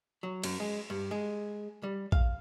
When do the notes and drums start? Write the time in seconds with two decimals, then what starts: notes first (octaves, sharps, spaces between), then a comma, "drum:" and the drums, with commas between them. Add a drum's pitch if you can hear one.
0.23 F#3
0.43 F#2, drum: cymbal
0.60 G#3
0.90 G2
1.11 G#3
1.83 G3
2.12 F5, drum: kick